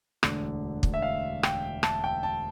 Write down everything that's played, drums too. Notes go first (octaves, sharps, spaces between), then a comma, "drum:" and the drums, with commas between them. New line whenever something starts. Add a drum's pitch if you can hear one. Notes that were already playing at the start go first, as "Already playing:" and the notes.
E1 D2 D3, drum: rim click
drum: kick
E5
F5
G5, drum: rim click
A5, drum: rim click
G5
A5